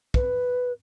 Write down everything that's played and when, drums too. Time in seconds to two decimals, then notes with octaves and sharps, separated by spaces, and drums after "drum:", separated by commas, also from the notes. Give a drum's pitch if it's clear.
0.14 B4, drum: kick